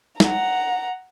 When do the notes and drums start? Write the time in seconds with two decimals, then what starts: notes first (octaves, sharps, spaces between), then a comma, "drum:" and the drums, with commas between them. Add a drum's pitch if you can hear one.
0.20 F#5 A#5, drum: snare